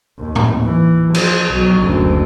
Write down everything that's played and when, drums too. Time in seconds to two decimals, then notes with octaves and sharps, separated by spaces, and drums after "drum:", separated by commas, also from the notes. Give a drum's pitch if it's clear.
0.19 D#2
0.35 drum: tom A2
0.65 E3
1.14 F3, drum: cymbal
1.49 B1 F#3
1.82 F#1 D2